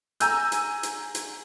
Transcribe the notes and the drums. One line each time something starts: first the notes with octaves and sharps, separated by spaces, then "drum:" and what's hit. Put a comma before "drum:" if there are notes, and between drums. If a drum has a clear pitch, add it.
G#5 A#5 E6 G6, drum: hi-hat
drum: hi-hat
drum: hi-hat
drum: hi-hat